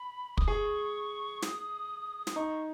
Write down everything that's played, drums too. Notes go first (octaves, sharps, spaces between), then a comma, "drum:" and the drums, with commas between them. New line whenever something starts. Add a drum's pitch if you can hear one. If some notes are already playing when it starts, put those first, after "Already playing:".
Already playing: B5
D#6, drum: kick
G#4 C#6
D#6, drum: snare
D#6, drum: snare
D#4 C#6